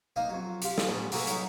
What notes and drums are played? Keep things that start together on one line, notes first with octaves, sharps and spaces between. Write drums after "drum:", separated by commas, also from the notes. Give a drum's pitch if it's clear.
A#3 D#4 D#5 F5
F2 F#3
F4 G4, drum: hi-hat
drum: snare
A1 G3 B3 G#4 A5
A#3 F#4 G#4 A4 B4, drum: open hi-hat
F#3 C#4 D#4 E4, drum: hi-hat